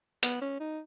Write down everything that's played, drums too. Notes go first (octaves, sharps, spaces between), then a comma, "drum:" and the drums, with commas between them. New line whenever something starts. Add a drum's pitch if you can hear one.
B3, drum: hi-hat
C#4
D#4